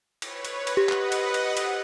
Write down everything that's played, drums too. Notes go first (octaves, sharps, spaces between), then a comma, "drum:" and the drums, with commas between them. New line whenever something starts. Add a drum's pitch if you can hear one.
B4 C#5, drum: cymbal
drum: cymbal
drum: cymbal
G4 B4 D#5 F#5
drum: clap
drum: cymbal
drum: cymbal
drum: cymbal